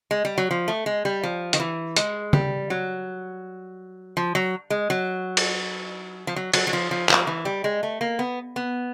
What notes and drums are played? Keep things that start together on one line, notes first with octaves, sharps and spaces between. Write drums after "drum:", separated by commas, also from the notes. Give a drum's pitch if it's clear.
G#3
G3
F#3
F3
A3
G#3
G3
F3
D#3, drum: hi-hat
E3
G#3, drum: hi-hat
G3, drum: tom C#3
F#3
F3
F#3
G#3
F#3
drum: cymbal
F3
F#3
F#3, drum: cymbal
F#3
F3
F3
F3, drum: clap
E3
G3
G#3
A3
A#3
B3
B3